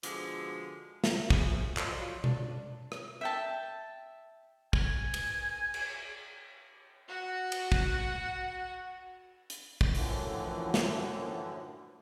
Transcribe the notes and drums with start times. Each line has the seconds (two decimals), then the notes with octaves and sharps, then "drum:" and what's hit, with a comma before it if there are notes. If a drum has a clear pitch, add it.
0.03 B2 D3 F3 G#3, drum: hi-hat
1.04 drum: snare
1.30 F#2 F3 A3 G#4 B4 E5, drum: kick
1.77 F4 A4 B4 C5 D5 D#5, drum: clap
1.98 F#3 F4
2.24 D4 D5, drum: tom B2
2.92 drum: rim click
3.21 E5 G5 A5
4.73 G#5, drum: kick
5.14 drum: cymbal
5.74 drum: cymbal
7.08 F#4 F#5
7.52 drum: cymbal
7.72 drum: kick
9.50 drum: hi-hat
9.81 drum: kick
9.95 F#2 A2 D3 E3 F3, drum: open hi-hat
10.74 drum: snare